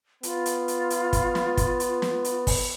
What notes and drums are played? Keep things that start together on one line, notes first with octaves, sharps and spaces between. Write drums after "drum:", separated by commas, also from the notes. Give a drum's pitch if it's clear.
B3 F4, drum: hi-hat
drum: hi-hat
drum: hi-hat
drum: hi-hat
drum: kick, hi-hat
drum: snare
drum: kick, hi-hat
drum: hi-hat
drum: snare
drum: hi-hat
drum: kick, open hi-hat